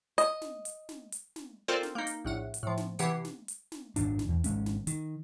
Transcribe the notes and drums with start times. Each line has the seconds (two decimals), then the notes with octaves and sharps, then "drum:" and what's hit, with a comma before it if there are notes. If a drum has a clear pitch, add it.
0.18 D#5, drum: hi-hat
0.42 drum: snare
0.65 drum: hi-hat
0.89 drum: snare
1.12 drum: hi-hat
1.36 drum: snare
1.68 C4 F4 A4 A#4 C5 D5
1.83 drum: snare
1.95 A#3 D#4
2.07 drum: hi-hat
2.25 A#1 A2 F#5
2.54 drum: hi-hat
2.63 A2 F3
2.77 drum: snare
2.99 C3 E3 G4 F#5 C7, drum: hi-hat
3.25 drum: snare
3.48 drum: hi-hat
3.72 drum: snare
3.96 G#1 F#2 A#2 D4, drum: hi-hat
4.19 drum: snare
4.29 E2
4.44 G#1 G#3 C#4, drum: hi-hat
4.66 drum: snare
4.87 D#3, drum: hi-hat